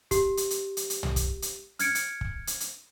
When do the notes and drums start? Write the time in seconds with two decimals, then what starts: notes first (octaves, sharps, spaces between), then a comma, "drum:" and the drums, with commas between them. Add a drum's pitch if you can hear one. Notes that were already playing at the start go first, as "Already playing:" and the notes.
0.11 G4, drum: kick, hi-hat
0.37 drum: hi-hat
0.50 drum: hi-hat
0.77 drum: hi-hat
0.90 drum: hi-hat
1.03 drum: tom
1.16 drum: kick, hi-hat
1.42 drum: hi-hat
1.79 F6 G#6 C#7 D7, drum: hi-hat
1.95 drum: hi-hat
2.21 drum: kick
2.47 drum: hi-hat
2.60 drum: hi-hat